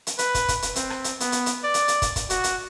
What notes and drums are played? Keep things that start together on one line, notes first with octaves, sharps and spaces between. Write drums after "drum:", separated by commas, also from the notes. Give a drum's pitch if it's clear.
drum: hi-hat
B4, drum: hi-hat
drum: kick, hi-hat
drum: kick, hi-hat
drum: hi-hat
C4, drum: hi-hat
drum: rim click
drum: hi-hat
B3, drum: hi-hat
drum: hi-hat
drum: hi-hat
D5
drum: hi-hat
drum: hi-hat
drum: kick, hi-hat
drum: kick, hi-hat
F#4, drum: hi-hat
drum: hi-hat